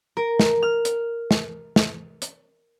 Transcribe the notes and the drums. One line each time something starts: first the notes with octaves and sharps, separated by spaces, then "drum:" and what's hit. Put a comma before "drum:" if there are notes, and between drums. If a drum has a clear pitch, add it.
A#4
drum: snare
F6
drum: hi-hat
drum: snare
drum: snare
drum: hi-hat